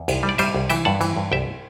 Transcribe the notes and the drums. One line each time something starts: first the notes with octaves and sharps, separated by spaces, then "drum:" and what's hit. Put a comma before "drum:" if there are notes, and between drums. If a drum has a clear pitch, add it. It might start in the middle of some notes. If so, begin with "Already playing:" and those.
Already playing: E2
C2, drum: cymbal
G3
D5
G3 C5 E5, drum: cymbal
C2
E3 E5 G5, drum: cymbal
G2 F#5 A5
E3, drum: cymbal
G2
C2 E5 G5